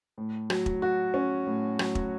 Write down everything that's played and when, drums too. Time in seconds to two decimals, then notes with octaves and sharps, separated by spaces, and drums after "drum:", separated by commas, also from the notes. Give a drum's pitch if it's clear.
0.18 A2
0.50 F#3, drum: rim click
0.66 drum: kick E1
0.82 F#4
1.14 C#4
1.46 A2
1.79 F#3, drum: rim click
1.95 drum: kick E1